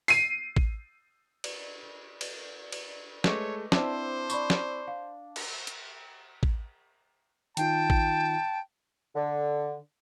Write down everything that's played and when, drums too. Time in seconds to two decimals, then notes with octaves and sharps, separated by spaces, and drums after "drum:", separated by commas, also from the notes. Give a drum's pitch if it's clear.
0.08 C7 D#7, drum: open hi-hat
0.57 drum: kick A1
1.44 drum: cymbal
2.21 drum: cymbal
2.72 drum: cymbal
3.24 G#3 A3 B4 C#5 D#5 C#6 D6, drum: snare
3.72 C4 D4 E4 C5, drum: snare
4.30 D5 B5 C#6, drum: tambourine
4.50 drum: snare
4.88 F5
5.36 drum: cymbal
5.67 drum: hi-hat
6.43 drum: kick A1
7.57 D#3 D#4 F4 G5 A5, drum: hi-hat
7.90 drum: kick A1
9.15 D3